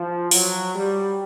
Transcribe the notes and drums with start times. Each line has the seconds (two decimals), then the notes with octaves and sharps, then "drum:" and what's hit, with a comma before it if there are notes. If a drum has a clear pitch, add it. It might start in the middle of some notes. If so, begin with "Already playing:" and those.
Already playing: F3
0.31 F#3, drum: open hi-hat
0.75 G3